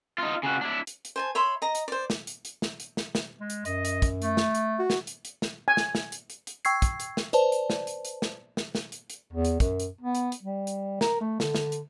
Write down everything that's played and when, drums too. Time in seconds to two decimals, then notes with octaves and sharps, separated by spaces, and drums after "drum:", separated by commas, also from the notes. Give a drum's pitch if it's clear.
0.18 D#4 F4
0.43 C#3 F#4
0.61 D4 E4
0.87 drum: hi-hat
1.05 drum: hi-hat
1.16 C5 G#5 A5
1.35 C#5 E5 B5 C6
1.62 D#5 A#5
1.75 drum: hi-hat
1.88 C5 D5
2.10 drum: snare
2.27 drum: hi-hat
2.45 drum: hi-hat
2.62 drum: snare
2.80 drum: hi-hat
2.97 drum: snare
3.15 drum: snare
3.40 G#3
3.50 drum: hi-hat
3.65 F#2 D#5, drum: hi-hat
3.85 drum: hi-hat
4.02 drum: kick, hi-hat
4.22 A3, drum: hi-hat
4.37 drum: snare
4.55 drum: hi-hat
4.79 F#4
4.90 drum: snare
5.07 drum: hi-hat
5.25 drum: hi-hat
5.42 drum: snare
5.68 G#5
5.77 drum: snare
5.95 drum: snare
6.12 drum: hi-hat
6.30 drum: hi-hat
6.47 drum: hi-hat
6.65 G5 C#6 E6 G#6 C7, drum: hi-hat
6.82 drum: kick, hi-hat
7.00 drum: hi-hat
7.17 drum: snare
7.33 B4 C5 D5 A5, drum: hi-hat
7.52 drum: hi-hat
7.70 drum: snare
7.87 drum: hi-hat
8.05 drum: hi-hat
8.22 drum: snare
8.57 drum: snare
8.75 drum: snare
8.92 drum: hi-hat
9.10 drum: hi-hat
9.33 E2
9.45 drum: hi-hat
9.60 F#2, drum: kick, hi-hat
9.80 drum: hi-hat
10.01 B3
10.15 drum: hi-hat
10.32 drum: hi-hat
10.43 G3
10.67 drum: hi-hat
11.01 A#4, drum: snare
11.21 A3
11.40 D3, drum: snare
11.55 drum: snare
11.72 drum: hi-hat